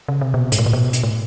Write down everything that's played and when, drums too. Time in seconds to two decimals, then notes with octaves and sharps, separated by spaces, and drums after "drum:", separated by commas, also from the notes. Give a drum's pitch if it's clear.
0.08 C#3
0.21 C3
0.34 B2
0.52 G#2, drum: hi-hat
0.58 A2
0.66 A#2
0.73 B2
0.93 drum: hi-hat
1.03 A2